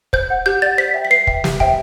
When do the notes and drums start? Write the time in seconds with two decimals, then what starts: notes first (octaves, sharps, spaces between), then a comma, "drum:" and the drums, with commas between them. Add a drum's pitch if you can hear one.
0.13 C5 G6, drum: kick
0.30 F#5
0.46 G4 G6
0.62 D5 F#5 A6
0.78 C5 B6
0.94 E5 G5
1.05 B6
1.10 B4 C7
1.27 E5 G5, drum: kick
1.44 G4, drum: snare
1.60 C5 E5 G5, drum: kick